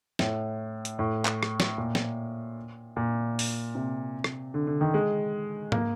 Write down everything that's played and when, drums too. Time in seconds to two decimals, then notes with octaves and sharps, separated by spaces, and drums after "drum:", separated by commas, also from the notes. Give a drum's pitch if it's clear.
0.19 A2, drum: snare
0.85 drum: hi-hat
0.99 A2
1.25 drum: clap
1.43 drum: rim click
1.60 drum: snare
1.78 A#2
1.95 drum: snare
2.97 A#2
3.39 drum: open hi-hat
3.75 C3
4.24 drum: rim click
4.54 D3
4.67 D3
4.81 D#3
4.94 G#3
5.72 A#3, drum: tom G#2